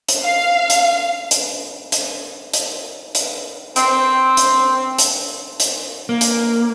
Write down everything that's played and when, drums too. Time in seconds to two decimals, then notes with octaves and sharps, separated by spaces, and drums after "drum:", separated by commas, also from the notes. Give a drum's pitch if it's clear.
0.09 drum: hi-hat
0.22 F5
0.70 drum: hi-hat
1.31 drum: hi-hat
1.92 drum: hi-hat
2.53 drum: hi-hat
3.15 drum: hi-hat
3.76 C4, drum: hi-hat
4.37 drum: hi-hat
4.98 drum: hi-hat
5.60 drum: hi-hat
6.09 A#3
6.21 drum: hi-hat